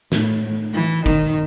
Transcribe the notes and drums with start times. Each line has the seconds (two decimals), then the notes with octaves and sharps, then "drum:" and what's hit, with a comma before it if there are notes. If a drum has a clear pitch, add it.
0.12 A2, drum: snare
0.74 E3
1.06 D#3, drum: kick